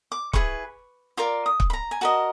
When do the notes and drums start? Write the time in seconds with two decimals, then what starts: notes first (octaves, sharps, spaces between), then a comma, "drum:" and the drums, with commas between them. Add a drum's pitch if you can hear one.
0.12 D6
0.33 E4 G#4 B4 C#6, drum: kick
1.17 F4 A#4 D5 D6
1.46 D#6
1.60 drum: kick
1.70 B5
1.73 A#5
1.91 G#5
2.01 F#4 A#4 D#5 A5